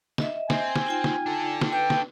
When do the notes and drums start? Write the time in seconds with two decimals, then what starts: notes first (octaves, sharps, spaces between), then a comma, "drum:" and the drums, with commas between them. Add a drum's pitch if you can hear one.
0.18 D#5 E5, drum: snare
0.50 C4 G#5, drum: snare
0.76 drum: snare
0.87 D#4 F4 G5
1.04 drum: snare
1.26 D4 A4
1.62 drum: snare
1.73 B4 G5
1.90 drum: snare